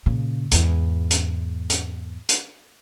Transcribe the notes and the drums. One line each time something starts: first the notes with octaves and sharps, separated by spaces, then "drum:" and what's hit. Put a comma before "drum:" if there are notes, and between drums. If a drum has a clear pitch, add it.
A#2 C#3
E2 G#2, drum: hi-hat
drum: hi-hat
drum: hi-hat
drum: hi-hat